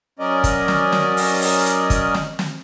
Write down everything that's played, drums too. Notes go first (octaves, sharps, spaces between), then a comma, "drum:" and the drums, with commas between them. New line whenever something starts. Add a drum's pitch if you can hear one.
F#3 C#4 A#4 D5 D#5
drum: kick, hi-hat
drum: snare
drum: snare
drum: open hi-hat
drum: open hi-hat
drum: hi-hat
drum: kick, hi-hat
drum: snare
drum: snare